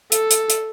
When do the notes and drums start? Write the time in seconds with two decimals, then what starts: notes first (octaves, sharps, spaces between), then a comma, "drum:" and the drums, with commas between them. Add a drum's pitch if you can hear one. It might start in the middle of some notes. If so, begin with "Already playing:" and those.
0.12 A4, drum: hi-hat
0.31 drum: hi-hat
0.50 drum: hi-hat